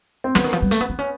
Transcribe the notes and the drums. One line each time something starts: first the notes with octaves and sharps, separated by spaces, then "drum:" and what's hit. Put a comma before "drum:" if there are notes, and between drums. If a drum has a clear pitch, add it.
C4
D3 B3, drum: snare
D#3
F3
G3
A3, drum: hi-hat
B3
C4
C#4